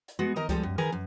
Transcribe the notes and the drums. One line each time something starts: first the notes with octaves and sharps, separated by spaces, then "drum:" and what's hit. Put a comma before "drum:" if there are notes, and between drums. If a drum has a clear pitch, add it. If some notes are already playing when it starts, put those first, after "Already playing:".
drum: hi-hat
G#3 B3 F#4
D#3 A#4 D#5 A#5
F3 G3 G#3 A4, drum: kick C#2, hi-hat
F#2
D#3 G#4 A#4 B4 G#5 A#5
F#2